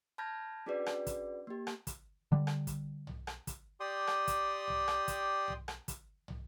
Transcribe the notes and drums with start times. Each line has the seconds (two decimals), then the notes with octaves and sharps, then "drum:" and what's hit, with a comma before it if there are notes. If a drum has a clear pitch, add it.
0.18 A5 B5 F6 G6 G#6 A#6
0.66 C#4 D4 F#4 G#4 B4 D5
0.86 drum: rim click
1.07 drum: kick, hi-hat
1.47 A#3 G4
1.67 drum: rim click
1.87 drum: kick, hi-hat
2.32 D3 G3
2.47 drum: rim click
2.67 drum: kick, hi-hat
3.07 drum: tom
3.27 drum: rim click
3.47 drum: kick, hi-hat
3.80 G4 D5 G5 C6 D#6
4.07 drum: rim click
4.27 drum: kick, hi-hat
4.68 drum: tom
4.88 drum: rim click
5.08 drum: kick, hi-hat
5.48 drum: tom
5.68 drum: rim click
5.88 drum: kick, hi-hat
6.28 drum: tom